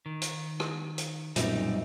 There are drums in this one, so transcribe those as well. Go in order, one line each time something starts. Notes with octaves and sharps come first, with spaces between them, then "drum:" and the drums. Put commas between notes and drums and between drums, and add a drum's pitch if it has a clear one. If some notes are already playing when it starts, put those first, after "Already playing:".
D#3
drum: hi-hat
drum: rim click
drum: hi-hat
B1 F#2 A#2 G3 C4 D#4, drum: hi-hat